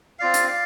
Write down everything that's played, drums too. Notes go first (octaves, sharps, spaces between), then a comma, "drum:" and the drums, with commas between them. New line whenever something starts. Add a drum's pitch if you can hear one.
C4 F4 D5 F5
drum: hi-hat
D5 F5